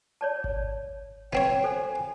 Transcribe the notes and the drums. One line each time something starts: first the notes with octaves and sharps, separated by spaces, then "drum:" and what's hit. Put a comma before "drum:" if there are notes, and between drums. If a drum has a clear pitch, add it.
C#5 D5 A5
drum: kick G#1
B3 C4 C#5 E5 G5 C6
A4 C5 G#5